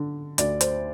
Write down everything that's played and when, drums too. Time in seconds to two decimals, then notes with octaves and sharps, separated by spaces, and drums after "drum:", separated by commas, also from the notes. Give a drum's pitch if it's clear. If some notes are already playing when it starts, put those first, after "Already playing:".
Already playing: D3
0.38 D2 D5, drum: hi-hat
0.61 C5, drum: hi-hat